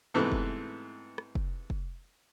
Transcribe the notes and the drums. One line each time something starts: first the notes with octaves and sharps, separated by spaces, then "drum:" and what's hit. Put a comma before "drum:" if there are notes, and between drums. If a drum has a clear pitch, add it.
G#2 C3 E3 A3 B3
drum: kick F1
drum: rim click
drum: kick F1
drum: kick F1